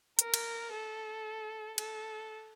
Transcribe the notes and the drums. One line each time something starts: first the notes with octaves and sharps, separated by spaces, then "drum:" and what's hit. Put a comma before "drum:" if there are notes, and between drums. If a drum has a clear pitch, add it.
A#4, drum: hi-hat
drum: cymbal
A4
A4, drum: cymbal